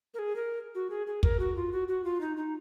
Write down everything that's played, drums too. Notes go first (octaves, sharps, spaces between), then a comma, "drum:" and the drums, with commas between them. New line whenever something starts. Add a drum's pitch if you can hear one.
A#4
G#4
A#4
F#4
G#4
G#4
A#4, drum: kick
F#4
F4
F#4
F#4
F4
D#4
D#4